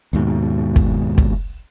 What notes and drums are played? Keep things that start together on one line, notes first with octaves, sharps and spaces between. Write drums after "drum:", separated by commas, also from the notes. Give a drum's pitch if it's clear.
D#2 G#2 B2
drum: kick
drum: kick